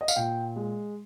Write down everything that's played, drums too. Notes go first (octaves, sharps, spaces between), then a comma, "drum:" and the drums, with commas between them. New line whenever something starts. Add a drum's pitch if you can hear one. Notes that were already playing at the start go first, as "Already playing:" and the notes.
D#5
F5, drum: tambourine
A#2 G5
G#3